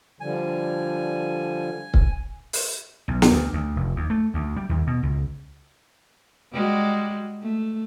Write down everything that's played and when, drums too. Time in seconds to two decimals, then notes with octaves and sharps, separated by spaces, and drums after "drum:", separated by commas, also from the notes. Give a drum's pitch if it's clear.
0.20 D3 F3 G3 G#5
1.94 drum: kick C#1
2.53 drum: open hi-hat
3.08 B1
3.22 drum: snare
3.31 D2
3.53 D2
3.76 F1
3.96 D#2
4.10 A3
4.34 D2
4.56 G3
4.69 D#2
4.87 B2
5.03 C#2
6.53 G3 G#3 F#4
7.43 A3